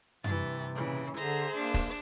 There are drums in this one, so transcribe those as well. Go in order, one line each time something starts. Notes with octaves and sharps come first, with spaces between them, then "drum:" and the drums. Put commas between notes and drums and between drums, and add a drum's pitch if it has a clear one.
G2 C3 E3 A6, drum: tom F#2
A#2 C#3 E3
D3 G#4 C5 E5 A#5, drum: hi-hat
A#3 D4
drum: kick, open hi-hat